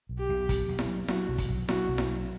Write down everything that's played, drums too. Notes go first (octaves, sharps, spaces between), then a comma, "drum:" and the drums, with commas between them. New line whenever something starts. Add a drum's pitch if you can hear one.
B1
G4
B1
A#2, drum: kick, hi-hat
B1
drum: snare E4
F#3
F#3 F#4, drum: snare E4
B1
drum: kick, hi-hat
F#3
F#3 F#4, drum: snare E4
B1
drum: snare E4
F#3